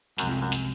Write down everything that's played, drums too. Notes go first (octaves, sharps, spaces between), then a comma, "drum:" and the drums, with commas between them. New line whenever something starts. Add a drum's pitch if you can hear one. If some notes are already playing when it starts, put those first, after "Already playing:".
C2 F#2 C3 F3 G#3 C4, drum: snare
F2
F#2
drum: snare